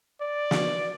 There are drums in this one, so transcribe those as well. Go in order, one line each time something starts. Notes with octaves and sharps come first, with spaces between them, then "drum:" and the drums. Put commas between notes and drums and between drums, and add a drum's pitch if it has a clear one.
D5
drum: snare